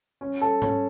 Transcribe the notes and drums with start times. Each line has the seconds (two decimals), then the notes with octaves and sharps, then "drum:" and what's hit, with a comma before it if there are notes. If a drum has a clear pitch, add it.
0.21 C#4
0.41 A4
0.62 C#4, drum: tom G#2